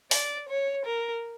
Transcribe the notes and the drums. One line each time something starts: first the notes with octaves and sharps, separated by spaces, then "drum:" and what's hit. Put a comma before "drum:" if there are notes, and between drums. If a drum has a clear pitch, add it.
D5, drum: open hi-hat
C#5
A#4